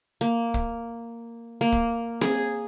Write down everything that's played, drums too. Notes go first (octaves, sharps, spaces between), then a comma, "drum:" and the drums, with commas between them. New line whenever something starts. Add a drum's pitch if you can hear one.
A#3
drum: kick
A#3
drum: kick
G#4, drum: snare C4